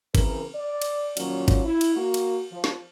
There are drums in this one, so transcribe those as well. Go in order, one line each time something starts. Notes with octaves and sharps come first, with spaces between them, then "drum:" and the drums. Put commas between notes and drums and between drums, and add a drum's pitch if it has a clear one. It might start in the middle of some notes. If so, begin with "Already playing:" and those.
C#3 E3 C4 A#4, drum: kick, cymbal
D5
drum: cymbal
A#2 D#3 F3 F#3 C#4, drum: cymbal
drum: kick, cymbal
E4
drum: cymbal
A#3 F#4
drum: cymbal
F3
drum: snare